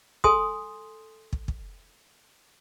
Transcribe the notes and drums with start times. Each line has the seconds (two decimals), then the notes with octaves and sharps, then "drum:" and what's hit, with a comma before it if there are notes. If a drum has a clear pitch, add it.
0.24 A4 G#5 C6 D#6, drum: kick
1.33 drum: kick
1.48 drum: kick